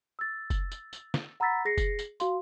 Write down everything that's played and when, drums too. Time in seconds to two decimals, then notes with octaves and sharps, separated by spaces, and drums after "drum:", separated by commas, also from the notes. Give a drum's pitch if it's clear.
0.19 E6 A6
0.50 drum: kick, tambourine
0.72 drum: tambourine
0.93 drum: tambourine
1.14 drum: snare
1.40 F#5 A#5 B5 E6 A6 B6
1.65 G#4 A#6 C7 C#7
1.78 drum: kick, tambourine
1.99 drum: tambourine
2.20 F#4 F5 C6, drum: tambourine